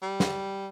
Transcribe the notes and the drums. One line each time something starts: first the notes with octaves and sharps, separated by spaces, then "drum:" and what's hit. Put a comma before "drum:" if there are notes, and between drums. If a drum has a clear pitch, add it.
G3
drum: snare